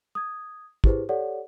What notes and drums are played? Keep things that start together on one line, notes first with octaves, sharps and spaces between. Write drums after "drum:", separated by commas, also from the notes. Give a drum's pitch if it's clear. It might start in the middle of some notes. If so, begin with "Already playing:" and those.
D#6 G#6
E4 G4 G#4 B4 C5, drum: kick
G4 A4 C#5 D5 F#5